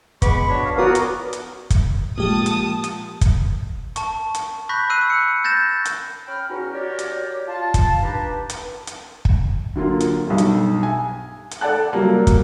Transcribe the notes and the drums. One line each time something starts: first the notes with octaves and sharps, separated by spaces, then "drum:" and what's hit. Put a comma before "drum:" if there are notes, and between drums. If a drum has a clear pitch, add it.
G#3 B3 B5 C#6 D6, drum: kick, hi-hat
D4 F#4 C#5
F5
B3 F#4 A#4 B4 C#5 D5 D#6
drum: hi-hat
drum: hi-hat
drum: kick, hi-hat
A#2 F3 G#3 G4 A5 D#6
drum: hi-hat
drum: hi-hat
drum: kick, hi-hat
A5 C#6, drum: hi-hat
drum: hi-hat
B5 C#6 F#6 G6 A#6 B6
B5 E6 F#6 C7 D#7
C#7
G6 A6 A#6 E7
drum: hi-hat
C#4 G5 B5 F6
E2 C#4 D#4 F#4
F#4 G4 A#4 C#5 D5
drum: hi-hat
F4 A5
drum: kick, hi-hat
B3 D4 D#4 G4 B4
drum: hi-hat
drum: hi-hat
drum: kick
D3 F#3 A#3 F4
drum: hi-hat
B1 G2
drum: hi-hat
G#5
drum: hi-hat
A4 D5 F#5 A5 F#6
F#3 G3 A#3
drum: kick, hi-hat